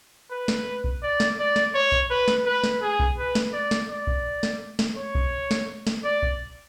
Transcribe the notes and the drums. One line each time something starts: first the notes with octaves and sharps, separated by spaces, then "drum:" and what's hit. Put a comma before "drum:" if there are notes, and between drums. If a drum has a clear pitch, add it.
B4
drum: snare
drum: kick B1
D5
drum: snare
D5
drum: snare
C#5
drum: kick B1
B4
drum: snare
B4
drum: snare
G#4
drum: kick B1
B4
drum: snare
D5
drum: snare
D5
drum: kick B1
drum: snare
drum: snare
C#5
drum: kick B1
drum: snare
drum: snare
D5
drum: kick B1